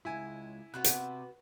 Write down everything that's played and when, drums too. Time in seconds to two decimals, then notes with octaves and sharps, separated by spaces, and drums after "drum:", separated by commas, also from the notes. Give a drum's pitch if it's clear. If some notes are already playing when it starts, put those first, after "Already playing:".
0.05 C#2 G#2 E4 G#5
0.74 C3 B3 F#4 B4 F#6
0.84 drum: hi-hat